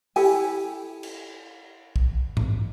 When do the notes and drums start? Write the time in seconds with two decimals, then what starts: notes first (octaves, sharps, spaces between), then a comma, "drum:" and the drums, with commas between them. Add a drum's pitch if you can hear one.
0.16 E4 G4 A4 G#5, drum: open hi-hat
1.03 drum: cymbal
1.96 drum: kick B1
2.37 drum: tom G#2